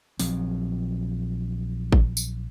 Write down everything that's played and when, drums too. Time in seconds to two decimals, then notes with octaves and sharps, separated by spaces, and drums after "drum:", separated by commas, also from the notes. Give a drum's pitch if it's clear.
0.19 A#1 F3 F#3 C4, drum: open hi-hat
1.92 drum: kick G#1
2.17 drum: tambourine